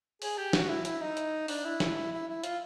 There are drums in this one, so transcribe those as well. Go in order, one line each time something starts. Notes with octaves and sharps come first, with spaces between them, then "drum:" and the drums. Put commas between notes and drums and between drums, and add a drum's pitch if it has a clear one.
G#4, drum: open hi-hat
G4
F#4, drum: snare
E4
E4, drum: hi-hat
D#4
drum: hi-hat
D4, drum: open hi-hat
E4
drum: snare
E4
E4
F4, drum: hi-hat